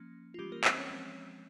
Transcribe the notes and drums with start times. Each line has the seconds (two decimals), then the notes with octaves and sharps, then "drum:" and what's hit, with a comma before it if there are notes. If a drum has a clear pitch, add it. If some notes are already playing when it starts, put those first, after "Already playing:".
Already playing: F3 A#3 C#4
0.34 F4
0.39 E3 G3 G#3 C#4 G4
0.52 A#3 A#4
0.64 C4 C5, drum: clap
0.78 C#4 C#5
0.90 F3 G#3 C4